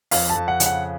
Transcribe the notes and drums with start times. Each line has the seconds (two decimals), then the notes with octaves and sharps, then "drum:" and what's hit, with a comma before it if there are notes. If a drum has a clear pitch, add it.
0.11 F2 F5, drum: open hi-hat
0.30 A5
0.36 F2
0.48 F#5
0.60 C#3, drum: hi-hat
0.66 F#5